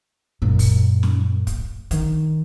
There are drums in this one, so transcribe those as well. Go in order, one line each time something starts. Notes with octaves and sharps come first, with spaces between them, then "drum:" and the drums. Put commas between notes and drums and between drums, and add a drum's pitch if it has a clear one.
F#2 A#2
drum: kick, open hi-hat
drum: snare
drum: kick, hi-hat
D#3, drum: hi-hat